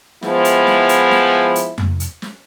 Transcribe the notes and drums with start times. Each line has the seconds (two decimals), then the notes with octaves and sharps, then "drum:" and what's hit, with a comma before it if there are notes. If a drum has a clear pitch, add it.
0.23 F3 G#3 B3 E4, drum: snare
0.45 drum: hi-hat
0.67 drum: snare
0.89 drum: hi-hat
1.11 drum: snare
1.56 drum: hi-hat
1.78 drum: tom F2
2.00 drum: hi-hat
2.22 drum: snare